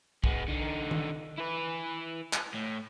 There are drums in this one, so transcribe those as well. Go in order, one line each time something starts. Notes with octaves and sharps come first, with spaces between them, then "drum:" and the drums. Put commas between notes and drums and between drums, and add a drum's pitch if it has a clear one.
G#3 B3, drum: kick
D3 D#4
drum: tom D#3
E4 B4
drum: clap
A2